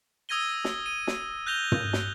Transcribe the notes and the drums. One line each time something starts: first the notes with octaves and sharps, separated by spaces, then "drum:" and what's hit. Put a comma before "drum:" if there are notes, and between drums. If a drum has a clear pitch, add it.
D#6 E6 G#6 A#6 D#7 G7
drum: snare
D#7
drum: snare
F#6 G6 A#6 F7 G7
drum: tom
drum: snare